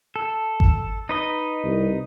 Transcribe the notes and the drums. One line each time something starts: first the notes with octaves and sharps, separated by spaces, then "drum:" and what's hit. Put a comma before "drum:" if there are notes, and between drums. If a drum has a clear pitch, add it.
A4
drum: kick G#1
D#4 B4 D#5
C2